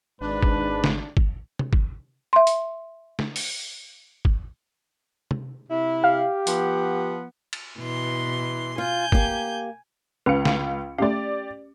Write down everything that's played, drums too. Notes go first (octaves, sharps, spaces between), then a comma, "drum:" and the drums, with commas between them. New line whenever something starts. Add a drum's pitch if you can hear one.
G#1 G#2 D4 B4
drum: kick
drum: snare
drum: kick
drum: tom C3
drum: kick
E5 C6
drum: hi-hat
drum: snare
drum: open hi-hat
drum: kick
drum: tom C3
C3 E4
G4 F5
F3 B3 F#5, drum: hi-hat
drum: cymbal
B2 E3 C6
F4 G#5 G6
A#3 G4, drum: kick
C#2 C#4 B4 F5 C#7
drum: snare
A3 C#4 G4 D5 F5